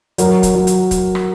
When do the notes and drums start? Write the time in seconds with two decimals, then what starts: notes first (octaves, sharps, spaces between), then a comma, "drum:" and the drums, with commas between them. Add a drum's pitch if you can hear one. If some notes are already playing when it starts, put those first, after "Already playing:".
0.18 F#3 A#4, drum: hi-hat
0.43 drum: kick, hi-hat
0.55 F#3
0.67 drum: hi-hat
0.91 drum: kick, hi-hat
1.15 drum: rim click